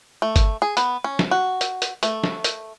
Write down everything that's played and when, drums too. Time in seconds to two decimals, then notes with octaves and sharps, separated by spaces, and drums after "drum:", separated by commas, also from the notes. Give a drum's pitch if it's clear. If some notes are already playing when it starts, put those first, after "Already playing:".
0.22 A3
0.36 drum: kick G1, hi-hat
0.62 G#4
0.77 B3, drum: hi-hat
1.04 C#4
1.19 drum: snare
1.31 F#4
1.61 drum: hi-hat
1.82 drum: hi-hat
2.03 A3, drum: hi-hat
2.24 drum: snare
2.44 drum: hi-hat